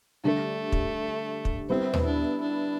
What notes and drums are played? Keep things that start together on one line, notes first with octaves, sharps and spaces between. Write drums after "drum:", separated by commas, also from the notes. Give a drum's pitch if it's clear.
D3 G3 A3 D4 G4
drum: kick
drum: kick
G3 B3 C4 E4 B4
drum: tom D#2
D4
D4